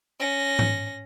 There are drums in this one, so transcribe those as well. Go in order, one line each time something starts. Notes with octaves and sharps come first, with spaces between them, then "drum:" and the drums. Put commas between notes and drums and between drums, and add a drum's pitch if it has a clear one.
C#4 A#6
drum: tom G#2